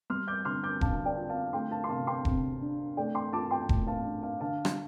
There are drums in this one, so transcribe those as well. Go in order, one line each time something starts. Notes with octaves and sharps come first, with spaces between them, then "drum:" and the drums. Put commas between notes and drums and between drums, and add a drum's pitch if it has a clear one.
G3 C6 F6
D6 G6
D3 C6 F6
D6 G6
D3 F5 A5, drum: kick E1
D5 G5
F4
F5 A5
A3 G5 C6
F5 A5
C6
C3 F5 A5
G5 C6
C3, drum: kick E1
D4
A3 D5 G5
G5 C6
F4 A5 D6
G5 C6
A2, drum: kick E1
F5 A5
D4
F5
D3 F5 A5
drum: rim click